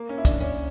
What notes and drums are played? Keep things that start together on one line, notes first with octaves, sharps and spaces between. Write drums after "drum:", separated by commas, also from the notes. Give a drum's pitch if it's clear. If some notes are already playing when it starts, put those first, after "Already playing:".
Already playing: A#3
C#4
E4
D4, drum: kick, hi-hat
C#4